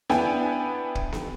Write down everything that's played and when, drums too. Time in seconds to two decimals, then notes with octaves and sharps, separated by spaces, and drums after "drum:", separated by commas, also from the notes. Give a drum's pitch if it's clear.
0.09 B3 D4 E4 B4 G5 G#5, drum: snare B3
0.95 drum: kick
1.12 drum: snare B3